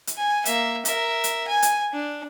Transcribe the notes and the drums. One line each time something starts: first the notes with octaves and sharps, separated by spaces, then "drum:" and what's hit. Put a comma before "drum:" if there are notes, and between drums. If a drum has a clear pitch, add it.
drum: hi-hat
G#5
A#3 E5, drum: hi-hat
A#4 E5, drum: hi-hat
drum: hi-hat
G#5
drum: hi-hat
D4